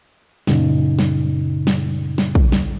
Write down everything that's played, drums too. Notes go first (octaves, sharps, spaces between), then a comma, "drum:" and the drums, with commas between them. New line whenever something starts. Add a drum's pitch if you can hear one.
F#2 A#2 C#3 D#4, drum: snare
drum: snare
drum: snare
drum: snare
drum: kick
drum: snare